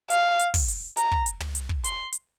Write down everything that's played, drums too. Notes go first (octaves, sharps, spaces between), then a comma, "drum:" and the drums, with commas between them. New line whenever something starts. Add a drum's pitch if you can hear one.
F5, drum: hi-hat
drum: hi-hat
drum: kick, open hi-hat
drum: hi-hat
A#5, drum: hi-hat
drum: kick
drum: hi-hat
drum: tom
drum: hi-hat
drum: kick
C6, drum: hi-hat
drum: hi-hat